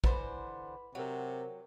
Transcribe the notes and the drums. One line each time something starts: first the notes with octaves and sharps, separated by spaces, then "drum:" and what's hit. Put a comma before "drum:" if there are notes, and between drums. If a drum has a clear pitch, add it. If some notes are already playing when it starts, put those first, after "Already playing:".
D3 E3 B4 C5 B5, drum: kick A1
C3 F#3 A#4 C5 F#5